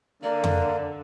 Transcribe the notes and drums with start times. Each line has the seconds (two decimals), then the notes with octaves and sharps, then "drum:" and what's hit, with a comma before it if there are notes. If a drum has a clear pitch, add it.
0.23 D3 A#3 D5
0.44 drum: tom F2